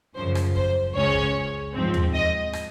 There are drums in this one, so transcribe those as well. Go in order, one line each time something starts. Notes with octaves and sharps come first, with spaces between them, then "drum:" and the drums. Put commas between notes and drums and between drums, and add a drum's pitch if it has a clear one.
F#2 C#3 F3 C5
drum: rim click
C5, drum: kick
C#2 C#3 G#3 C#4 C#5
drum: kick
G#2 F3 C4
drum: tom D#2
D#5
drum: rim click